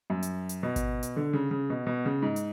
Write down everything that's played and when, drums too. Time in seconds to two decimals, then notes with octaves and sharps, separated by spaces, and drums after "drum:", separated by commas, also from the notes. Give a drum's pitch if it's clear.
0.10 F#2
0.23 drum: hi-hat
0.49 drum: hi-hat
0.63 B2
0.76 drum: kick G#1, hi-hat
1.03 drum: hi-hat
1.16 D3
1.33 C#3
1.51 C#3
1.70 B2
1.87 B2
2.06 C#3
2.22 G#2
2.36 drum: hi-hat